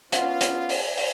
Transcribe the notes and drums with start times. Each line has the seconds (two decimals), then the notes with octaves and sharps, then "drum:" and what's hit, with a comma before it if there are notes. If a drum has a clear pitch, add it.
0.12 B3 C#4 F4 F5 F#5, drum: hi-hat
0.41 drum: hi-hat
0.69 drum: open hi-hat
0.97 drum: open hi-hat